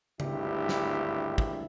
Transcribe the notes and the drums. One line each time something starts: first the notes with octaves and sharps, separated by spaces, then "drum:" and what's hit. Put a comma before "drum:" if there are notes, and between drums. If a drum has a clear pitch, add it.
G#1 D2 G2 E4 G4, drum: tom C#3
drum: snare
drum: kick